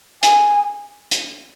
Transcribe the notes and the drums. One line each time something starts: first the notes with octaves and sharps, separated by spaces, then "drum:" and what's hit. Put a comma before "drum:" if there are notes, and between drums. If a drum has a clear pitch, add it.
G#5, drum: hi-hat
drum: hi-hat